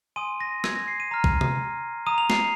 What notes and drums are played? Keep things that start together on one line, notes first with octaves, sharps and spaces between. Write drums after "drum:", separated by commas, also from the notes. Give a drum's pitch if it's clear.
G#5 C6 D#6 D#7
A#6
G#6, drum: rim click
A#6
C7
D#7
A#5 F6
drum: kick
drum: tom C3
A#5 D#6 D#7
F7
C7, drum: snare